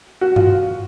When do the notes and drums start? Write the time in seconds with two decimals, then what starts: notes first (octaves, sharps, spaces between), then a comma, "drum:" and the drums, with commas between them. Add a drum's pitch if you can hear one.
0.21 F#4
0.36 F4, drum: tom G2